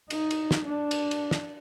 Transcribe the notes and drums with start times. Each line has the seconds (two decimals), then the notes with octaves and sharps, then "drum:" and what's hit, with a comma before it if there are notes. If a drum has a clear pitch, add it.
0.10 D#4, drum: cymbal
0.31 drum: cymbal
0.51 drum: snare
0.65 D4
0.91 drum: cymbal
1.11 drum: cymbal
1.31 drum: snare